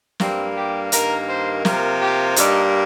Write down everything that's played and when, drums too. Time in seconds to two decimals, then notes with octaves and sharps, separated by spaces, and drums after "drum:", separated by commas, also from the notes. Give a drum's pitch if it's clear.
0.20 G2 G3 A#3 C4, drum: snare
0.56 G4
0.92 G2 D#3 A#3 A#4, drum: hi-hat
1.29 C5
1.65 C3 F3 A#3 A#4, drum: snare
2.01 G4
2.36 G2 G3 A#3 D#4, drum: hi-hat